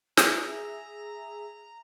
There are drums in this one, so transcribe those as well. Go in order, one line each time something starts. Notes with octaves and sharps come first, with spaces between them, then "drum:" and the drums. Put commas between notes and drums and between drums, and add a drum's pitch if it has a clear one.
G#4 E5 A#5, drum: snare